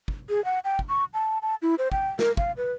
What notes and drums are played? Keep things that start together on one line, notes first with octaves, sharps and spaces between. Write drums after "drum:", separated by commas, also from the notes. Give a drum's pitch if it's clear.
drum: kick
G#4
F#5
G5
drum: kick
C#6
A5
A5
E4
C5
G5, drum: kick
A#4, drum: snare
F5, drum: kick
B4